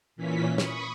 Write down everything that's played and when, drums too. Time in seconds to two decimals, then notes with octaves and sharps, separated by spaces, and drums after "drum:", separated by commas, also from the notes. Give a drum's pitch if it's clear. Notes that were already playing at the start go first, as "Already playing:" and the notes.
0.16 A#2 E3 C#4 B6
0.58 B5 C#6 D#6, drum: snare